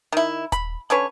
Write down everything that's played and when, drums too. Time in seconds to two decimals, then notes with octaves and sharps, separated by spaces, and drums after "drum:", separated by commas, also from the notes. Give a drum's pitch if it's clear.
0.12 D#3 E4
0.52 B5, drum: kick D#1, hi-hat
0.90 D3 C#4 B4 C#5